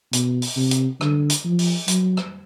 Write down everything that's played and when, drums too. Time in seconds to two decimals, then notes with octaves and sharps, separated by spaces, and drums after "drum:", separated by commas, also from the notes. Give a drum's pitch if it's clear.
0.13 B2, drum: hi-hat
0.42 drum: open hi-hat
0.57 C3
0.71 drum: hi-hat
1.01 D3, drum: rim click
1.30 drum: hi-hat
1.45 F3
1.59 drum: open hi-hat
1.88 F#3, drum: hi-hat
2.17 drum: rim click